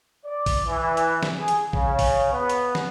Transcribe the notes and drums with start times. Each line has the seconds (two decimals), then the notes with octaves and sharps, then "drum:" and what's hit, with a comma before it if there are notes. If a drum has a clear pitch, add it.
0.26 D5
0.46 drum: kick A#1, open hi-hat
0.66 E3
0.97 drum: hi-hat
1.23 drum: snare
1.38 G#4
1.48 drum: hi-hat
1.73 C#3, drum: kick A#1
1.99 drum: kick A#1, open hi-hat
2.33 B3
2.50 drum: hi-hat
2.75 drum: snare